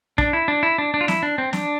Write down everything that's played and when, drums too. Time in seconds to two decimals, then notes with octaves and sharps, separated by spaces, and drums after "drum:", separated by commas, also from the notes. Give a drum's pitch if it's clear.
0.18 D4, drum: kick
0.33 E4
0.48 D4
0.63 E4
0.78 D4
0.94 D4
1.01 F4
1.08 E4, drum: snare
1.23 D4
1.38 C4
1.53 D4, drum: snare